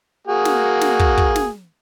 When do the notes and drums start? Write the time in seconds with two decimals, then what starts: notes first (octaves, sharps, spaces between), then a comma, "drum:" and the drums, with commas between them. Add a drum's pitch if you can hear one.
0.27 A#3 F#4 G#4
0.45 drum: snare
0.81 drum: snare
0.99 drum: kick
1.18 drum: kick
1.36 drum: snare